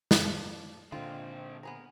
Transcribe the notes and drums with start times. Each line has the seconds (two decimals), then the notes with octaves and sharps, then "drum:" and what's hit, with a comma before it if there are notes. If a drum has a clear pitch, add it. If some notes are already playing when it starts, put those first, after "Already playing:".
0.11 drum: snare
0.24 F3 D4
0.92 A#2 D3 G#3 C4 F4
1.63 B3 G#4 A#4